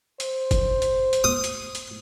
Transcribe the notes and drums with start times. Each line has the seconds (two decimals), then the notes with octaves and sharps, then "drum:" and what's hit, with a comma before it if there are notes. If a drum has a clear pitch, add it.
0.20 C5, drum: hi-hat
0.51 drum: kick, hi-hat
0.82 drum: hi-hat
1.13 drum: hi-hat
1.24 D#6
1.44 drum: hi-hat
1.75 drum: hi-hat